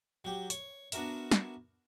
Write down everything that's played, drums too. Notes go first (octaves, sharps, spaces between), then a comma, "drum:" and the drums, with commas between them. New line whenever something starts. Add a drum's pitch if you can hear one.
F#3 G4
C#5, drum: hi-hat
B3 D4 F#4 A#4 E5, drum: hi-hat
drum: snare